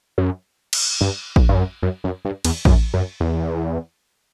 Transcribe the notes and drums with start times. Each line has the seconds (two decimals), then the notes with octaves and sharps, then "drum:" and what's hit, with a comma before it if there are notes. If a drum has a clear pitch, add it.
0.18 F#2
0.73 drum: cymbal
1.01 G2
1.36 drum: kick A1
1.49 G2
1.55 F#2
1.82 F#2
2.04 F#2
2.25 G2
2.45 E2, drum: cymbal
2.65 F#2, drum: kick A1
2.94 F#2
3.20 E2